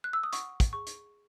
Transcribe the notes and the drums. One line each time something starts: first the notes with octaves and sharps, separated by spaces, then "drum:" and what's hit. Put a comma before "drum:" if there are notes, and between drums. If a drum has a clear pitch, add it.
F#6
E6
D#6
F#5 C#6, drum: hi-hat
drum: kick, hi-hat
G#4 C#6
drum: hi-hat